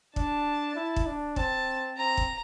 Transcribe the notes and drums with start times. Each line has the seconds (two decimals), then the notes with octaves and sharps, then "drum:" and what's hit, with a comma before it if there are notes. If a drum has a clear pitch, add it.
0.16 D4 A5, drum: kick
0.76 E4
0.96 drum: kick
1.06 D4
1.36 C4 A5, drum: kick
1.97 C4 A#5
2.17 drum: kick